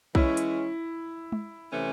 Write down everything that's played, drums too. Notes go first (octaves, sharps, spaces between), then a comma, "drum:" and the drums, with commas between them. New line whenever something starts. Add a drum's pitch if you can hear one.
E3 G#3 C#4 E4, drum: kick B1
drum: hi-hat
drum: tom G#3
C3 E3 A3 C#4